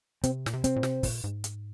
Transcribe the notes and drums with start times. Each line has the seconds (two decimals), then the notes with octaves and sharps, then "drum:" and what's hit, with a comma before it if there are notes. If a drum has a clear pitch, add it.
0.24 C3 C4, drum: hi-hat
0.46 A#2, drum: snare
0.53 C3
0.64 C4, drum: hi-hat
0.76 A#2
0.83 C3, drum: snare
1.03 A#2, drum: kick, open hi-hat
1.24 G#2
1.44 drum: hi-hat